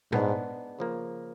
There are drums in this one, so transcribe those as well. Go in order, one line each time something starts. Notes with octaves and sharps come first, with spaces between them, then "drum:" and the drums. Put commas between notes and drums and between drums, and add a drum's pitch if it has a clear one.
G#2 G#3 B3 D4, drum: tom A#2
C#3 F3 A#3